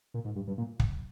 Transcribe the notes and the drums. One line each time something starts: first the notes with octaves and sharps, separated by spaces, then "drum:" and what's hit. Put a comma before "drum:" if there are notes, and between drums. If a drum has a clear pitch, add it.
A#2
G#2
G2
G2
A#2
drum: kick